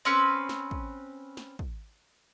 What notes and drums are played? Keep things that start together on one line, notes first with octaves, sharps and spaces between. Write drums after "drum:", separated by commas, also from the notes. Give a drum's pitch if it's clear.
C4 C#4 B4
drum: snare
drum: kick
drum: snare
drum: kick